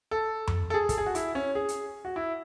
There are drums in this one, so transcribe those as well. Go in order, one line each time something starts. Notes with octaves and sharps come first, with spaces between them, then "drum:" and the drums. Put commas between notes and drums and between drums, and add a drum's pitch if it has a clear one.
A4
drum: tom F2
A4
G#4
A4, drum: kick, hi-hat
G#4
F#4
E4, drum: hi-hat
C#4
G#4
drum: hi-hat
F#4
E4